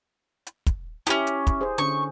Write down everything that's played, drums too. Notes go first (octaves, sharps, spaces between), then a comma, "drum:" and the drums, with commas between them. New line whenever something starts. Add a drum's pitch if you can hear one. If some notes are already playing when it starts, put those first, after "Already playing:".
drum: hi-hat
drum: kick, hi-hat
B3 C#4 E4 G4, drum: hi-hat
drum: hi-hat
drum: kick, hi-hat
G#4 C5
D3 C#4 C#6